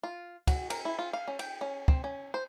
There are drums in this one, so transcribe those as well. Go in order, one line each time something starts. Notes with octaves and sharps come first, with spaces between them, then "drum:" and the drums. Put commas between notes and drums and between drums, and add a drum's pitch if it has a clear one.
F4
F#4, drum: kick, cymbal
A#4, drum: cymbal
E4
F4
F5
C#4
G5, drum: cymbal
C#4
C4, drum: kick
C#4
C5